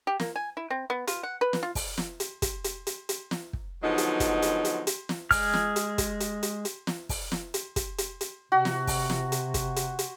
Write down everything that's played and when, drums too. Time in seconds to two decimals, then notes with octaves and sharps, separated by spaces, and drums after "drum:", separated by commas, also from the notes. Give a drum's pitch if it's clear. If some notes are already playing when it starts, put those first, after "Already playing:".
0.07 G4
0.20 A#3, drum: snare
0.36 G#5
0.57 E4
0.70 C4
0.90 B3
1.07 F4, drum: hi-hat
1.23 F#5
1.41 B4
1.53 drum: snare
1.63 F4
1.75 drum: kick, open hi-hat
1.98 drum: snare
2.20 drum: hi-hat
2.42 drum: kick, hi-hat
2.64 drum: hi-hat
2.87 drum: hi-hat
3.09 drum: hi-hat
3.31 drum: snare
3.53 drum: kick
3.84 D3 F3 F#3 G#3 B3 D#4
3.98 drum: hi-hat
4.20 drum: kick, hi-hat
4.42 drum: hi-hat
4.65 drum: hi-hat
4.87 drum: hi-hat
5.09 drum: snare
5.31 G#3 G#4 F6, drum: kick, open hi-hat
5.54 drum: snare
5.76 drum: hi-hat
5.98 drum: kick, hi-hat
6.20 drum: hi-hat
6.43 drum: hi-hat
6.65 drum: hi-hat
6.87 drum: snare
7.09 drum: kick, open hi-hat
7.32 drum: snare
7.54 drum: hi-hat
7.76 drum: kick, hi-hat
7.98 drum: hi-hat
8.21 drum: hi-hat
8.52 C3 F#4
8.65 drum: snare
8.87 drum: kick, open hi-hat
9.10 drum: snare
9.32 drum: hi-hat
9.54 drum: kick, hi-hat
9.76 drum: hi-hat
9.99 drum: hi-hat